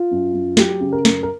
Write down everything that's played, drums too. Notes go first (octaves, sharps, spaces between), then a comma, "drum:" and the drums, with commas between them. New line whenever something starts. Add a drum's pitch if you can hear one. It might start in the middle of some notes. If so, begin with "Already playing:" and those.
Already playing: F4
F#2
F#2
F#3 G4, drum: snare
C#3
A#4
F#2, drum: snare
A#4